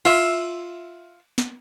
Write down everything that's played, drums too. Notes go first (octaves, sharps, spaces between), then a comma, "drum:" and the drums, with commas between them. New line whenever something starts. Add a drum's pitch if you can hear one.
F4 E5, drum: cymbal
drum: snare